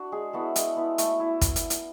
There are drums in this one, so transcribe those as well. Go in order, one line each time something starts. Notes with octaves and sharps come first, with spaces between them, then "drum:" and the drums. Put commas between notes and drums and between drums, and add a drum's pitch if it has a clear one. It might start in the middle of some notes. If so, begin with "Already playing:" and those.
Already playing: D4 F#4
G#3 G#4
B3 E4 F#4 A4
G#3, drum: hi-hat
B3 E4
A3, drum: hi-hat
E4
drum: kick, hi-hat
drum: hi-hat
drum: hi-hat